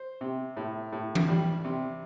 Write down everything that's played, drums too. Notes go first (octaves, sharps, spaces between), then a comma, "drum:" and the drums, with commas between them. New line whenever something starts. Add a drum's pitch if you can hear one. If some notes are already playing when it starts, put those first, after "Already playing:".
Already playing: C5
C3
A2
A2
drum: tom E3
G3
C3